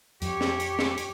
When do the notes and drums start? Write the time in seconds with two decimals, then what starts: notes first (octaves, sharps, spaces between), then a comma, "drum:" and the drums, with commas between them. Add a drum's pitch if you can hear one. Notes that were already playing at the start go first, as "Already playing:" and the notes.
0.22 F2 G4 C#5, drum: hi-hat
0.41 drum: snare
0.60 drum: hi-hat
0.79 drum: snare
0.98 drum: hi-hat